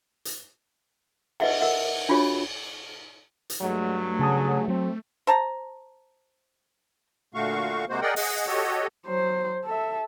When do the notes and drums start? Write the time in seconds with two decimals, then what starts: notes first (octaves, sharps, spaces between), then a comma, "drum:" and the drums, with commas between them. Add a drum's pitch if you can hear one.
0.25 drum: hi-hat
1.40 B4 D#5 E5 F#5 G5, drum: cymbal
1.61 A#4 E5 F#5
2.09 D4 F4 F#4 G#4 C#5
3.50 drum: hi-hat
3.62 G2 F#3 G#3 A3
4.19 C#3 G#4 A5 D#6
4.68 F#3 C4
5.27 C5 A5 A#5
7.34 A#2 D3 A3 F#4 F5 C#6
7.89 C3 G#3 A#3 F#4 C5
8.02 G#4 A#4 D5 D#5 F#5 G5
8.16 G#4 D#5 F#5, drum: open hi-hat
8.47 F#4 G4 A4 C#5 D#5
9.06 F#3 C5
9.65 A4 E5